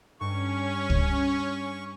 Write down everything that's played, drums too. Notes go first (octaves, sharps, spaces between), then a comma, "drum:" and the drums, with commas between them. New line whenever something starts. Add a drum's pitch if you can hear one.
G2 C#4 C#6
drum: kick